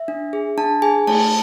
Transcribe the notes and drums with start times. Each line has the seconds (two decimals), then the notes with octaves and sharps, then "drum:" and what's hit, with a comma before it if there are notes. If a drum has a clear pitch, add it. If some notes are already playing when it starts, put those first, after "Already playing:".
Already playing: E5
0.08 D4
0.33 G#4
0.58 D4 A5
0.82 G#4 G#5
1.07 A3 A5, drum: cymbal